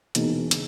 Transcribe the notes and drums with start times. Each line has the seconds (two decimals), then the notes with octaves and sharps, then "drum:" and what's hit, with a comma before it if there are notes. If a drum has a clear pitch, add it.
0.15 E1 E2 B2 A#3 D#4, drum: hi-hat
0.51 C#3, drum: hi-hat